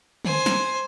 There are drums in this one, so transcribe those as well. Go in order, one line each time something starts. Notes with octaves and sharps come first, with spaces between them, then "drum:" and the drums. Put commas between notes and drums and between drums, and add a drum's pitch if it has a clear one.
C5 G#5, drum: tom D3
drum: snare